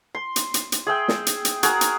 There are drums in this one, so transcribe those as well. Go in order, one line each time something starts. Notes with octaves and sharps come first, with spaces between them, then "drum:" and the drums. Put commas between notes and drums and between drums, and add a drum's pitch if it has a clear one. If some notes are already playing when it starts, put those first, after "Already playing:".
C6
drum: hi-hat
drum: hi-hat
drum: hi-hat
G#4 E5 G5
drum: snare
drum: hi-hat
drum: hi-hat
F#4 G#4 A#4 A#5, drum: hi-hat
drum: hi-hat